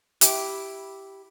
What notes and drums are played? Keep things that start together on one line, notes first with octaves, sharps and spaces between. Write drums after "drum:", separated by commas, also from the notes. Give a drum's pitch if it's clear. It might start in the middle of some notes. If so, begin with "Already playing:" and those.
E4 G4, drum: hi-hat